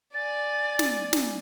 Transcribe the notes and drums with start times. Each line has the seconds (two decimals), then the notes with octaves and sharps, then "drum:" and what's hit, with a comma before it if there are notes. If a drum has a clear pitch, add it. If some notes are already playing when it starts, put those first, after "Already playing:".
0.14 D5 G#5 A6
0.79 drum: snare
1.13 drum: snare